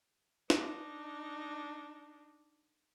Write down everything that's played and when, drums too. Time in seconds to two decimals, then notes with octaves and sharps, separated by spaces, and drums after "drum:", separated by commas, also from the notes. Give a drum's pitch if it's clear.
0.50 D4 D#4, drum: snare